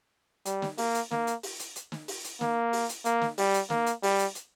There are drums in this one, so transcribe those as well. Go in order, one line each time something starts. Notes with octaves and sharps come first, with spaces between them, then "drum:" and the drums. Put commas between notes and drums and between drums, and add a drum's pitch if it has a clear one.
G3, drum: hi-hat
drum: snare
A#3, drum: open hi-hat
drum: hi-hat
A#3, drum: snare
drum: hi-hat
drum: open hi-hat
drum: hi-hat
drum: hi-hat
drum: snare
drum: open hi-hat
drum: hi-hat
A#3, drum: snare
drum: open hi-hat
drum: hi-hat
A#3, drum: hi-hat
drum: snare
G3, drum: open hi-hat
drum: hi-hat
A#3, drum: snare
drum: hi-hat
G3, drum: open hi-hat
drum: hi-hat
drum: hi-hat